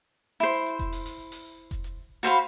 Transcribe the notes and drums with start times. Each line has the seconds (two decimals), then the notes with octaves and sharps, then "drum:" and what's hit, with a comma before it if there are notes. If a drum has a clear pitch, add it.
0.40 E4 C5
0.53 drum: hi-hat
0.66 drum: hi-hat
0.79 drum: kick F1, hi-hat
0.92 drum: open hi-hat
1.06 drum: open hi-hat
1.32 drum: open hi-hat
1.71 drum: kick F1, hi-hat
1.84 drum: hi-hat
2.23 F#4 C5 F5 B5, drum: hi-hat